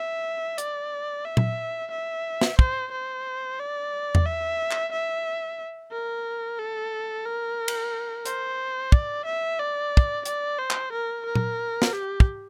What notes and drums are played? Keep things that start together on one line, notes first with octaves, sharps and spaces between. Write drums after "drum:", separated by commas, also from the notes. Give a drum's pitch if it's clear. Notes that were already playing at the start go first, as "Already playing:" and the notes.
Already playing: E5
D5, drum: hi-hat
E5
drum: tom A#2
E5
drum: snare
C5, drum: kick
C5
D5
drum: tom E2
E5
drum: clap
E5
A#4
A4
A#4
drum: cymbal
C5, drum: hi-hat
D5, drum: kick
E5
D5
drum: kick
D5, drum: hi-hat
C5
drum: clap
A#4
A#4
drum: tom A#2
drum: snare
G4
drum: kick